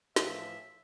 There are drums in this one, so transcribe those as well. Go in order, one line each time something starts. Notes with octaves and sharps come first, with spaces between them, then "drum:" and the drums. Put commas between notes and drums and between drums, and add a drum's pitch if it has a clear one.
A2 E3 F3 E5, drum: snare